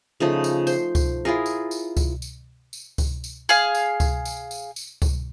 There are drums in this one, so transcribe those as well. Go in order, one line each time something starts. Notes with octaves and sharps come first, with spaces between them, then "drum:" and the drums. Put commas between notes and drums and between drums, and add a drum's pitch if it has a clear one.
C#3 F3 A3 D#4
drum: tambourine
C5, drum: tambourine
drum: kick C#2, tambourine
E4 F4 G#4 A#4
drum: tambourine
drum: tambourine
drum: kick C#2, tambourine
drum: tambourine
drum: tambourine
drum: kick C#2, tambourine
drum: tambourine
G#4 F5, drum: tambourine
drum: tambourine
drum: kick C#2, tambourine
drum: tambourine
drum: tambourine
drum: tambourine
drum: kick C#2, tambourine